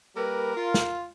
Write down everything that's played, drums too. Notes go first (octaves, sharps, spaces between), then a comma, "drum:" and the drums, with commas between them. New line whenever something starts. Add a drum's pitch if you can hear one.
G3 A#3 A#4 B4
F4
drum: snare